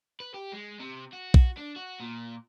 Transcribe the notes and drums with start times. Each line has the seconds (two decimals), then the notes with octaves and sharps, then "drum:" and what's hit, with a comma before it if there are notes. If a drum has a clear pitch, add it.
0.20 B4
0.34 G4
0.52 G#3
0.80 C3
1.13 F#4
1.34 drum: kick B1
1.57 D4
1.76 F#4
2.00 A#2